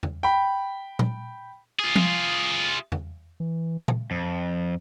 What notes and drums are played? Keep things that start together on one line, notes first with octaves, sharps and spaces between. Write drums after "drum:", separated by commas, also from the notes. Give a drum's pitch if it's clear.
drum: tom E2
G5 B5
drum: tom A#2
F4 G#4
drum: tom F3
drum: tom E2
E3
drum: tom A#2
F2